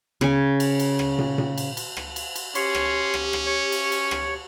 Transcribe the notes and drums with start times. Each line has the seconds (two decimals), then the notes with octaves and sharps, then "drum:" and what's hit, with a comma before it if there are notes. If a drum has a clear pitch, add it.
0.21 C#3 G#5, drum: rim click
0.60 drum: cymbal
0.79 drum: cymbal
0.99 drum: rim click
1.19 drum: tom
1.38 drum: tom
1.58 drum: cymbal
1.77 drum: cymbal
1.97 drum: rim click
2.16 drum: cymbal
2.36 drum: cymbal
2.55 C#4 G4 C#5 C6, drum: cymbal
2.75 drum: rim click
3.14 drum: rim click
3.33 drum: rim click
3.46 C#5
3.72 drum: cymbal
3.92 drum: cymbal
4.11 drum: rim click